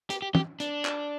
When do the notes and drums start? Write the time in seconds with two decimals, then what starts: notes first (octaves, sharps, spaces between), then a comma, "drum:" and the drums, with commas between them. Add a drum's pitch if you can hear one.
0.10 G4, drum: hi-hat
0.22 G4
0.35 G4, drum: tom
0.60 D4, drum: hi-hat
0.85 drum: clap